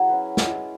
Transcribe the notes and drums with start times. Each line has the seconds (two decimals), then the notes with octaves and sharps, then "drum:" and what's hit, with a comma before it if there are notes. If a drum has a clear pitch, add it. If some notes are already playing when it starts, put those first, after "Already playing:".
Already playing: F#3 E4 G#4
0.09 C#4 F#4 B4
0.37 G#3, drum: snare